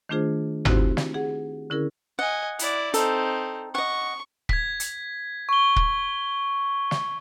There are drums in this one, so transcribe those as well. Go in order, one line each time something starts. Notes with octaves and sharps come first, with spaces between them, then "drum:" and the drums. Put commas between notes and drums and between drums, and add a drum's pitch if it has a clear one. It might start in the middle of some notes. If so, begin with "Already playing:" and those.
D#3 A3 D4 F4 G#4 C5
C4 D#4 E4 F#4 G4 C5, drum: tom G1
drum: snare
G#4 F#5
D3 C#4 E4 G#4 A#4
D#5 F#5 G#5
E4 D5, drum: hi-hat
C4 D#4 A4, drum: hi-hat
D#5 F#5 C#6
G#6 B6, drum: kick
drum: hi-hat
C#6 G7
drum: kick
drum: snare